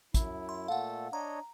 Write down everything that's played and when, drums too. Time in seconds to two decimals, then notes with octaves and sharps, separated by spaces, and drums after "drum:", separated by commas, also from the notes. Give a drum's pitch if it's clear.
0.14 F#2 E4, drum: kick, hi-hat
0.49 C6
0.68 A#2 A3 A4 F5 F#5
1.13 D4 C#5 D#5 A#5